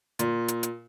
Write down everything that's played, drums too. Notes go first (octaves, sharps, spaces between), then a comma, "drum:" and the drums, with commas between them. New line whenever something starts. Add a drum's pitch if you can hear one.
A#2, drum: hi-hat
drum: hi-hat
drum: hi-hat